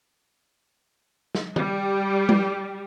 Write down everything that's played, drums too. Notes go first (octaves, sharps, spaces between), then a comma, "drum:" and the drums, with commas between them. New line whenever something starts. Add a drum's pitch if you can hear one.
drum: snare
G3, drum: tom D#3
drum: tom G3